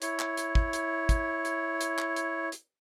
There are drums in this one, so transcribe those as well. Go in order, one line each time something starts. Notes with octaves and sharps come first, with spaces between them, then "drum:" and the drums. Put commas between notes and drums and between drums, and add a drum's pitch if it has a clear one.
E4 C#5, drum: hi-hat
drum: clap
drum: hi-hat
drum: kick
drum: hi-hat
drum: kick, hi-hat
drum: hi-hat
drum: hi-hat
drum: clap
drum: hi-hat
drum: hi-hat